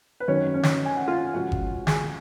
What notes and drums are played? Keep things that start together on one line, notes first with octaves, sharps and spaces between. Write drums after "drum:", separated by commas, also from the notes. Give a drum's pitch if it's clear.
B4
G#1 F#2 D#3 F#3 C#4 C#5
C#4 C#5
drum: snare
G#5
F#5
F4 F5
C#2 C#3 F3 F#4 F#5
drum: kick G1
G#4 G#5, drum: snare